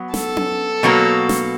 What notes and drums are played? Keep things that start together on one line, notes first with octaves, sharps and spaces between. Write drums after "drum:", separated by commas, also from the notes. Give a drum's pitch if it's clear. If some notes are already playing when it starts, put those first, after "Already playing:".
Already playing: F#3 B3
A4, drum: snare
drum: tom C#4
B2 F#3 A#3
drum: snare